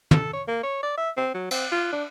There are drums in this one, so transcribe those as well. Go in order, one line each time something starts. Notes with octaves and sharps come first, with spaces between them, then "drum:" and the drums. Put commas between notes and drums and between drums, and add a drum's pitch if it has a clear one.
A4, drum: tom
C#5
A#3
C#5
D5
E5
C4
F#3
C4, drum: cymbal
F4
D4